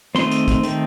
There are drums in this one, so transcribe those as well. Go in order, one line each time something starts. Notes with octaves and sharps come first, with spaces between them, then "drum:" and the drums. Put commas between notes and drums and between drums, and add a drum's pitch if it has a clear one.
D#3 A3 C4 C6, drum: snare
drum: hi-hat
drum: kick, hi-hat
D#3 A3 C4, drum: hi-hat